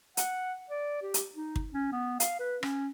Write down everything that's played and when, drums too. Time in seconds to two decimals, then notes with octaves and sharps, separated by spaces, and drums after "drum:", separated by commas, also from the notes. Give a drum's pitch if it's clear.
0.17 F#5, drum: hi-hat
0.70 D5
1.02 G4
1.14 drum: hi-hat
1.35 D#4
1.56 drum: kick
1.74 C#4
1.92 B3
2.20 F5, drum: hi-hat
2.39 B4
2.63 C#4, drum: rim click